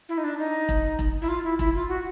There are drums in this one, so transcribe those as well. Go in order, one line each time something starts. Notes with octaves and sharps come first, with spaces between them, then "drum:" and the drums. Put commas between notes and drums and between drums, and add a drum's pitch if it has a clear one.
E4
D#4
D4
D#4
drum: kick E1
drum: kick E1
E4
F4
E4
E4, drum: kick E1
F4
F#4